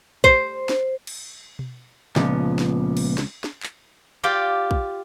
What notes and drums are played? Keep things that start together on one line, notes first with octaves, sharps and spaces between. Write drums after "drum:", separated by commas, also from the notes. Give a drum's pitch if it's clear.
C5, drum: kick
drum: snare
drum: cymbal
drum: tom B2
C#2 A#2 F3 B3, drum: snare
drum: snare
drum: cymbal
drum: snare
drum: snare
drum: clap
F4 G4 D5 F5 G5
drum: kick